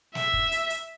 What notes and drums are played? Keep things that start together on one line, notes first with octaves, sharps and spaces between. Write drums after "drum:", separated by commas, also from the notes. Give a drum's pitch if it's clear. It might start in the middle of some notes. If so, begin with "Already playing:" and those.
E5, drum: snare
drum: kick
drum: hi-hat
drum: hi-hat